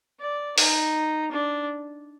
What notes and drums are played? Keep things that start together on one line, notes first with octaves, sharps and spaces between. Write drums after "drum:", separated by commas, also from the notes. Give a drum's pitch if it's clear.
D5
D#4, drum: open hi-hat
D4